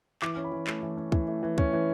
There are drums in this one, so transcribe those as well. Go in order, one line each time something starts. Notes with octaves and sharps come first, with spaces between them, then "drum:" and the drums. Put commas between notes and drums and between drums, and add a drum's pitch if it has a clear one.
E3 D6, drum: clap
C#4
B5
E3
A3, drum: clap
E3
C#4
E3, drum: kick
A3
E3
C#4, drum: kick
E3